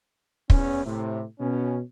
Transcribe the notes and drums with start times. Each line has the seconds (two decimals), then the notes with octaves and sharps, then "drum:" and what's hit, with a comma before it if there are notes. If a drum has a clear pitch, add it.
0.50 E2 C#4, drum: kick
0.85 A2 C3
1.39 B2 C#4